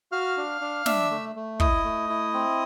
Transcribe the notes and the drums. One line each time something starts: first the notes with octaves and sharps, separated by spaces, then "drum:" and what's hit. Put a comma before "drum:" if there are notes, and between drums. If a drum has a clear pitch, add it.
F#4 F5 F6
D4
D4
D4 E5 E6, drum: snare
A3
A3
E4 D#5 D#6, drum: kick
A3
E4
C4